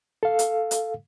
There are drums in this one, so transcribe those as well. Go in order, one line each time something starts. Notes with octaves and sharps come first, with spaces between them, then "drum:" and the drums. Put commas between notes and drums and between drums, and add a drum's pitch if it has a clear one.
A4 F5
drum: hi-hat
drum: hi-hat